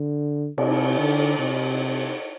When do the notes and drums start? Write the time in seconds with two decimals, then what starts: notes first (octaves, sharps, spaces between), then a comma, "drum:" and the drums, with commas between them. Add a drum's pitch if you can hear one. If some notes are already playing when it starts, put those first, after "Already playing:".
Already playing: D3
0.58 C3, drum: cymbal
0.99 D3
1.39 C3